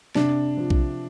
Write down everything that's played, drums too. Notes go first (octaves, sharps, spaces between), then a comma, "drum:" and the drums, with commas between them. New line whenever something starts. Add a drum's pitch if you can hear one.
C3 D4, drum: snare
F3
drum: kick B1